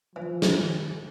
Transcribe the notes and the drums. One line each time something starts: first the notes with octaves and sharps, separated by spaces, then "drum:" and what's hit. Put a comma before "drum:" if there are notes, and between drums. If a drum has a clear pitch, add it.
E3 F3
G#3, drum: snare